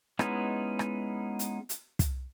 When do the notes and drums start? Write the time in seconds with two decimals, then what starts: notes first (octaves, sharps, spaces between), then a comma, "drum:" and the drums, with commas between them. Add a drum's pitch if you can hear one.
0.19 G#3 B3 C#4 D#4 E4, drum: rim click
0.79 drum: rim click
1.39 drum: hi-hat
1.69 drum: hi-hat
1.99 drum: kick, hi-hat